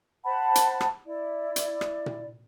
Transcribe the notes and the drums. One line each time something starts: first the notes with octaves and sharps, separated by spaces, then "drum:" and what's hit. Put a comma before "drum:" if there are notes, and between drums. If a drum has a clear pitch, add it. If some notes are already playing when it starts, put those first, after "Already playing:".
C5 F#5 A5 B5
drum: hi-hat
drum: rim click
E4 D5
drum: hi-hat
drum: rim click
drum: tom A#2